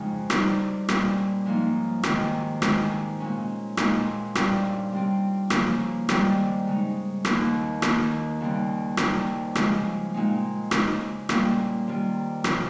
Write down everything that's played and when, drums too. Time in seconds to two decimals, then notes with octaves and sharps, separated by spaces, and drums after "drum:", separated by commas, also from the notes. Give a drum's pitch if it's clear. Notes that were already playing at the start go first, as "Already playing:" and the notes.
Already playing: F2 G#2 C#3 G#3 D#4
0.30 C3 G3 C4 D#4, drum: rim click
0.89 A#2 G3 C#4, drum: rim click
1.46 G#2 F3 A#3 D#4
2.03 C3 D#3 G#3 C4, drum: rim click
2.62 C3 D#3 G#3 D#4, drum: rim click
3.20 A#2 G#3 C#4
3.77 A#2 G#3 C4 D#4, drum: rim click
4.35 G2 G3 C#4, drum: rim click
4.92 C3 G3 C4
5.50 C#3 F3 A#3 C#4, drum: rim click
6.09 G#2 D#3 G3 C4 D#4, drum: rim click
6.67 C#3 G#3 D#4
7.25 D#2 D#3 A#3, drum: rim click
7.82 D#2 D#3 A#3 D#4, drum: rim click
8.41 D#2 C#3 G3 C4
8.97 C3 G3 C4 D#4, drum: rim click
9.55 C#3 F3 G#3, drum: rim click
10.14 A#2 G#3 C4 D#4
10.71 C#3 G#3 D#4, drum: rim click
11.29 A#2 G3 A#3 C#4, drum: rim click
11.87 C3 D#3 G3
12.44 C#3 F3, drum: rim click